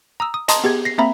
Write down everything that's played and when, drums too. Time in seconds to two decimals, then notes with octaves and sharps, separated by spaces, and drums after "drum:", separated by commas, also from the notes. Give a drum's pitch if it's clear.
0.20 A#5 D#6 E6
0.34 D#6
0.48 D#5 A5 A#5 C6 D#6, drum: hi-hat
0.64 B3 G4 G#4 G#6
0.85 A#6 C7
0.98 A#3 C4 E5 A#5 B5